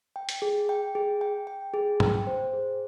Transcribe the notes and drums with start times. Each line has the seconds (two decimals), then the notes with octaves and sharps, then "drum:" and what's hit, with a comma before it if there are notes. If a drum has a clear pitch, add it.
0.16 G5
0.29 drum: hi-hat
0.42 G#4
0.69 G5
0.95 G#4
1.21 G5
1.47 G5
1.74 G#4
2.00 G5, drum: tom G#2
2.27 C5
2.53 G#4